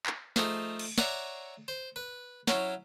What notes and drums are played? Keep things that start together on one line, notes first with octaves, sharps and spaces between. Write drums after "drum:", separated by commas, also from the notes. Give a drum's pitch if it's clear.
drum: clap
F3 A3 D#4 G#4, drum: snare
drum: cymbal
C#5 D5 E5 F#5 A#5 C#6, drum: snare
C5
B4
F#3 C#4 E4, drum: snare